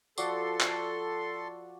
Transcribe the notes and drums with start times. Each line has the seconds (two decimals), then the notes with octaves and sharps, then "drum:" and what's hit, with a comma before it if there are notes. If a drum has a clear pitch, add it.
0.18 F3 F#4 A4 D5 C6, drum: tambourine
0.61 drum: clap